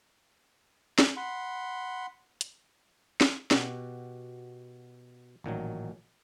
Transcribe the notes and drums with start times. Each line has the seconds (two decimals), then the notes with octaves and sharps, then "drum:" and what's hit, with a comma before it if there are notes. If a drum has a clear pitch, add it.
0.99 drum: snare
1.17 F#5 B5 C6
2.41 drum: hi-hat
3.21 drum: snare
3.51 B2 F#4 G4, drum: snare
5.44 A1 A#2 D#3 F#3